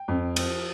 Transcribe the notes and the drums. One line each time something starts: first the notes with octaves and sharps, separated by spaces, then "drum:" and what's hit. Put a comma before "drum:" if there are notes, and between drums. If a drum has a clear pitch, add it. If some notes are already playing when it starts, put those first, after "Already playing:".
Already playing: G5
F2
F3, drum: cymbal